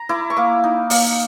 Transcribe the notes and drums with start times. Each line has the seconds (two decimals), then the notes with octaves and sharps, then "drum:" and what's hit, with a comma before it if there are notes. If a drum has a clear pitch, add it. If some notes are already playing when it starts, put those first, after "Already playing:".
Already playing: A#5
0.09 E4 D6
0.30 C#6
0.37 A#3 D6
0.64 D#4
0.90 A#3, drum: open hi-hat